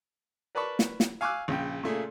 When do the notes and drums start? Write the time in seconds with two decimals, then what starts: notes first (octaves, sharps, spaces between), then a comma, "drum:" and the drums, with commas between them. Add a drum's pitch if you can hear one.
0.55 A#4 B4 D5 A5 B5 C#6
0.79 drum: snare
1.00 drum: snare
1.21 F5 G#5 C#6 D6 E6 F#6
1.48 A#1 C#3 G5
1.83 A#2 C#3 A3 A#3 G#4